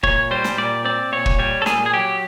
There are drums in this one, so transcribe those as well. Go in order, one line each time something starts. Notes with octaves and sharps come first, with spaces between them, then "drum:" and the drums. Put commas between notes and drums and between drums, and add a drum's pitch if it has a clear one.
A#2 C#5, drum: kick
G3 C5
drum: snare
A#2 D5
C4 D5
A#2 C#5
drum: kick
G3 C#5
A4
A#2 G#4, drum: snare
G#4
F#3 G4